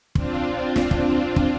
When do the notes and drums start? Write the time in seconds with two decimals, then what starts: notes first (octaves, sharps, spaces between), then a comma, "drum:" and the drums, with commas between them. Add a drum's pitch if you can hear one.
0.15 C4 D4 F4, drum: kick
0.76 drum: snare
0.91 drum: kick
1.36 drum: kick